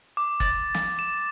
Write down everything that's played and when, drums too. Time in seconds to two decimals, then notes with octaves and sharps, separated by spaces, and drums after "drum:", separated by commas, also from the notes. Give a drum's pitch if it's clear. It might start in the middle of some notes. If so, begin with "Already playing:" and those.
0.17 D6
0.40 A6, drum: kick F#1
0.74 drum: snare
0.99 E7